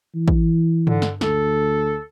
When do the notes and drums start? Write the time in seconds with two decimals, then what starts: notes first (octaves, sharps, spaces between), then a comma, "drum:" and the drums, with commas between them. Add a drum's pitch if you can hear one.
0.15 E3
0.28 drum: kick
0.87 D3, drum: tom
1.02 drum: snare
1.21 D2 A4, drum: snare